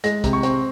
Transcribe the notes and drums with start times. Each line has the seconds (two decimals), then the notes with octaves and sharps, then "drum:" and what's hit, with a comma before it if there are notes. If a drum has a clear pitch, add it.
0.04 G#3 A#6, drum: hi-hat
0.24 C3, drum: kick, hi-hat
0.33 C#6
0.43 C4, drum: hi-hat